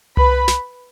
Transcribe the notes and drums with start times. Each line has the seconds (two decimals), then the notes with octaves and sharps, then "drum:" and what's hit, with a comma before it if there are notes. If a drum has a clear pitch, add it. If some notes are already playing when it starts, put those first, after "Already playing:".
0.17 B4 B5, drum: tom C2
0.48 drum: snare